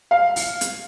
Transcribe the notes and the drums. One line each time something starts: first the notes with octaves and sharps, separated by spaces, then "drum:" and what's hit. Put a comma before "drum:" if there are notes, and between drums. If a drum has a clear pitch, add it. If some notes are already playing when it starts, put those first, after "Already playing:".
F5
drum: open hi-hat
drum: hi-hat